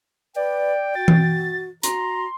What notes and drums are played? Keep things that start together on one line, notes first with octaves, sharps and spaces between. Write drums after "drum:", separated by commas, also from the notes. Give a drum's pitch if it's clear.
B4 D5 G5
F#4 A6
drum: tom E3
F#4 A#5 C6, drum: hi-hat